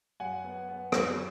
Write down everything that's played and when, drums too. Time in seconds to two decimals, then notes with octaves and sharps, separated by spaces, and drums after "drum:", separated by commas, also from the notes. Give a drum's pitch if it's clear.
0.20 F#2 F#5 G#5
0.44 B3
0.69 B3
0.92 F#2, drum: rim click